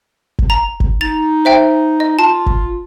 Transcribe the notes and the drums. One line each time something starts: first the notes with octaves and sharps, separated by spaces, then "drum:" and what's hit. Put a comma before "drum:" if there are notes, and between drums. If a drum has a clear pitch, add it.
drum: kick G1
A#5
drum: kick G1
D#4 A6 F7
C5 E5 G5
D#5
F4 A5
drum: kick G1